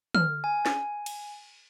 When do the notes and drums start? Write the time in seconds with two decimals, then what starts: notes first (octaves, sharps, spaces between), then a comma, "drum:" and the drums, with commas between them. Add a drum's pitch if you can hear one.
0.15 F6, drum: tom
0.44 G#5
0.66 drum: snare
1.06 drum: cymbal